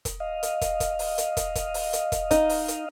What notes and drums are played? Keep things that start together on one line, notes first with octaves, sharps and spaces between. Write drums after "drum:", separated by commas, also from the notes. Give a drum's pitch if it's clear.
drum: kick, hi-hat
D#5 F5
drum: hi-hat
drum: kick, hi-hat
drum: kick, hi-hat
drum: open hi-hat
drum: hi-hat
drum: kick, hi-hat
drum: kick, hi-hat
drum: open hi-hat
drum: hi-hat
drum: kick, hi-hat
D#4, drum: kick, hi-hat
drum: open hi-hat
drum: hi-hat